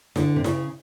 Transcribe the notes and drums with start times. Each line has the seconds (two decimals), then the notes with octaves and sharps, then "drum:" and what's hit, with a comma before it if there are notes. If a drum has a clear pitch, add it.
0.16 D3, drum: snare E4
0.36 C3
0.44 C#3, drum: snare E4